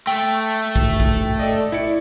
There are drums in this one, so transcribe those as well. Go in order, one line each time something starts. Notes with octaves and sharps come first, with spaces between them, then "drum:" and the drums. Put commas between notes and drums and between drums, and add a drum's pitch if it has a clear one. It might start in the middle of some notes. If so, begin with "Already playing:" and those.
A3 G5
drum: kick
drum: kick
A4 D5 D#5
E4 D5 C#7